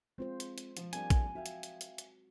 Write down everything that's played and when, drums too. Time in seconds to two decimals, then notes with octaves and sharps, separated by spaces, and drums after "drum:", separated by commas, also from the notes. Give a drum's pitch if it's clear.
0.18 G#3 C4 F4 C5
0.40 drum: hi-hat
0.58 drum: hi-hat
0.77 F3, drum: hi-hat
0.93 G3 A#3 C4 D4 G#5, drum: hi-hat
1.10 drum: kick, hi-hat
1.35 F#4 E5 F5 G5
1.46 drum: hi-hat
1.63 drum: hi-hat
1.81 drum: hi-hat
1.98 drum: hi-hat